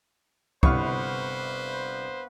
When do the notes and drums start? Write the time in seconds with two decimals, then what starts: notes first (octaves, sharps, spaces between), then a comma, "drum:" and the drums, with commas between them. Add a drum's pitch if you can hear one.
0.63 G1 C3 B3 E4 B4 C5 F5 C#6, drum: kick